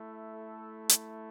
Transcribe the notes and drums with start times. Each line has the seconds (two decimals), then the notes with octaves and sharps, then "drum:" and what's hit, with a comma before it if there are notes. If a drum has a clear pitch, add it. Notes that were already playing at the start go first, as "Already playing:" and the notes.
Already playing: A3 E4
0.30 A4
0.89 drum: hi-hat